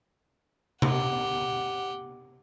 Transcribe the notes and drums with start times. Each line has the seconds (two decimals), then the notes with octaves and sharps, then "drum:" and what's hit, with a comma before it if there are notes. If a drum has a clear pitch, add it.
0.82 G4 F#5, drum: tom C3